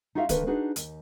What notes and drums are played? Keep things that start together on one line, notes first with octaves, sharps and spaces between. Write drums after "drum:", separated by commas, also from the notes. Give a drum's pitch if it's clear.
D#4 F4 F#4 E5 F5
D3 D#3 A#3 B4, drum: kick D1, hi-hat
D4 D#4 F#4 G#4 B4
D#2, drum: hi-hat